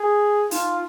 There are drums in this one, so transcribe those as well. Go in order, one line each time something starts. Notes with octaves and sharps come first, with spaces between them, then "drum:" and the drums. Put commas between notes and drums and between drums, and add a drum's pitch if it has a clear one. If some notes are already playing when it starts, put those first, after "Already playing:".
Already playing: G#4
D#4 F4, drum: open hi-hat